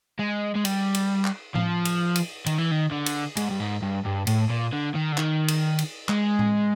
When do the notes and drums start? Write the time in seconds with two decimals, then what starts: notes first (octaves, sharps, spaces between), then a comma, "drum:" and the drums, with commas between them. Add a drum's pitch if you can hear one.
0.19 G#3
0.56 G#3
0.65 G3, drum: cymbal
0.95 drum: cymbal
1.25 drum: clap
1.55 F3, drum: tom A2
1.85 drum: cymbal
2.16 drum: cymbal
2.46 D#3, drum: cymbal
2.58 E3
2.71 D#3
2.91 D3
3.06 drum: cymbal
3.37 G#2, drum: cymbal
3.50 G2
3.60 G#2
3.82 G2
4.05 G2
4.27 A2, drum: cymbal
4.50 A#2
4.73 D3
4.95 D#3
5.12 D3
5.18 D#3, drum: clap
5.48 drum: cymbal
5.79 drum: cymbal
6.09 G#3, drum: clap
6.39 drum: tom A2